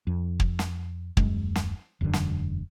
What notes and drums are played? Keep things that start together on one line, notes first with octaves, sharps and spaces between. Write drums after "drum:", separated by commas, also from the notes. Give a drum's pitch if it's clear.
F2
drum: kick
drum: snare
D#1 F#2 G#3, drum: kick
drum: snare
E1 F#2 A2 D3
drum: snare